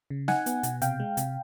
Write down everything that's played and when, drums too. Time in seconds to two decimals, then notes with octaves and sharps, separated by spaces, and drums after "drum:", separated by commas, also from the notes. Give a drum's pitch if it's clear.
0.10 C#3
0.28 D#4 F#5 G#5, drum: snare
0.46 B3, drum: hi-hat
0.63 B2, drum: hi-hat
0.82 C3 F5 G5, drum: hi-hat
1.00 G#3
1.17 C3, drum: hi-hat